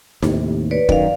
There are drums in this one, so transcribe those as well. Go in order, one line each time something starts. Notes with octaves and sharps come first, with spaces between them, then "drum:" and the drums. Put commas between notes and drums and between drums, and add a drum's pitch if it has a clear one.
D#2 A2 C3, drum: snare D#4
B4 C#5 D5
F#2 D#3 D5 F5, drum: kick